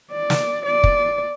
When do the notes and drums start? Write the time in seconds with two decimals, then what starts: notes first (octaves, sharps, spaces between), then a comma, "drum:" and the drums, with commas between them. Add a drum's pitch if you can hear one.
0.12 D5
0.30 drum: snare
0.66 D5
0.84 drum: kick